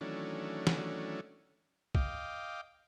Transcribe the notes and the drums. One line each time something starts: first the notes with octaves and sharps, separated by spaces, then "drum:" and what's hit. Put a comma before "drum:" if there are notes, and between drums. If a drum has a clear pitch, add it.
D#3 E3 F#3 A3 C#4 D4
drum: snare
D#5 F5 G5 D6, drum: kick